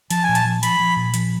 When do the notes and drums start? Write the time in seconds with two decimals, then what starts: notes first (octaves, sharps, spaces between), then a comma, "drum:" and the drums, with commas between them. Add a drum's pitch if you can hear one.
0.10 F3 A5, drum: hi-hat
0.23 G#5
0.29 A#2
0.35 A5, drum: hi-hat
0.45 F3
0.63 F3 B5, drum: hi-hat
0.80 F3
0.96 A#2
1.14 F3, drum: hi-hat